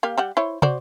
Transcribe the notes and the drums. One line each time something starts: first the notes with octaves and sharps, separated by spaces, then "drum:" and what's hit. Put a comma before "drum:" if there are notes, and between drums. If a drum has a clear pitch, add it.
A#3 G4 F5
G3 G4 F#5
E4 C5 C#5
F#4 C5 D5, drum: tom